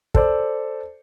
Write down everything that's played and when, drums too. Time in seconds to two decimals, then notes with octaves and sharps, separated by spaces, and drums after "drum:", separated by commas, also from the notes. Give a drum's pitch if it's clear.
0.14 A4 C5 D5, drum: kick